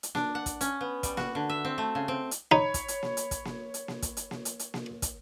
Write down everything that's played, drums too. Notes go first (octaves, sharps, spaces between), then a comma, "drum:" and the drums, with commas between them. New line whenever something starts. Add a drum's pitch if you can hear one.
drum: hi-hat
D4, drum: snare A#3
F#5
drum: kick, hi-hat
C#4, drum: hi-hat
B3
G3, drum: kick, hi-hat
F#4, drum: snare A#3
D3
E5
C4
A3
C#3
C4
drum: hi-hat
D#4 C#5 B5
drum: kick, hi-hat
drum: hi-hat
drum: snare A#3
drum: hi-hat
drum: kick, hi-hat
drum: snare A#3
drum: hi-hat
drum: snare A#3
drum: kick, hi-hat
drum: hi-hat
drum: snare A#3
drum: hi-hat
drum: hi-hat
drum: snare A#3
drum: kick, hi-hat